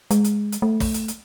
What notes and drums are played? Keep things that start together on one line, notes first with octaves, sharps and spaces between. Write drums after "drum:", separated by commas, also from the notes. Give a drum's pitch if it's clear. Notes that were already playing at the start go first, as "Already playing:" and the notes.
G#3, drum: hi-hat
drum: hi-hat
drum: hi-hat
A3
drum: kick, open hi-hat
drum: hi-hat
drum: hi-hat